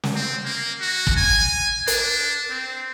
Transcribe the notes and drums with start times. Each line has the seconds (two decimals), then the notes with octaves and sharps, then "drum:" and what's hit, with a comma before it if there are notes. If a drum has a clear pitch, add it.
0.03 drum: snare
0.15 C4
0.45 A#3
0.80 F#4
1.07 drum: kick
1.17 G#5
1.87 D4, drum: hi-hat
2.50 C4